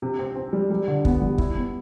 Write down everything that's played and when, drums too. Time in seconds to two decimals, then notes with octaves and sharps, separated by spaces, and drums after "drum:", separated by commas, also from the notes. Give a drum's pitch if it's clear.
0.02 C3
0.19 C4
0.36 C4
0.53 G3
0.70 G3
0.88 D3
1.05 B3, drum: kick
1.21 G3
1.38 E4, drum: kick
1.56 B3